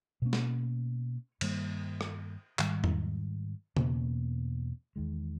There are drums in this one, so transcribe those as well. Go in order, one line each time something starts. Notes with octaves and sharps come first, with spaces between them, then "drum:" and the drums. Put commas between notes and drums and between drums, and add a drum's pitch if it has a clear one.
B2 A#3 C#4
drum: snare
G2 D#3 G3 A#3, drum: cymbal
drum: rim click
G#2 D#3 G3, drum: clap
drum: tom E2
E2 B2 A#3 C#4, drum: tom C#3
E2 D#3 G#3